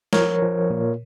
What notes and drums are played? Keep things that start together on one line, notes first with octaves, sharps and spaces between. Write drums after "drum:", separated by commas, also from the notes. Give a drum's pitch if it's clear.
F3 A#4 C#5, drum: snare
F3
A#2